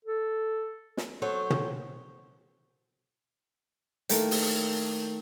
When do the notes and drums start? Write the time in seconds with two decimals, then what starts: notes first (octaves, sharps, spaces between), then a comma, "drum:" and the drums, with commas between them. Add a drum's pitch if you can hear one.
0.05 A4
0.97 drum: snare
1.22 F#3 A4 C5 C#5
1.50 drum: tom
4.09 D#3 A3 A#3 E4 A#4, drum: hi-hat
4.31 drum: open hi-hat